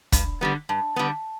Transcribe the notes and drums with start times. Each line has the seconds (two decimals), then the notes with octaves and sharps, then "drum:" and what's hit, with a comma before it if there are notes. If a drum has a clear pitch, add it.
0.12 G2, drum: kick, hi-hat
0.41 D3 G3 B3
0.69 G2 A5
0.96 D3 G3 B3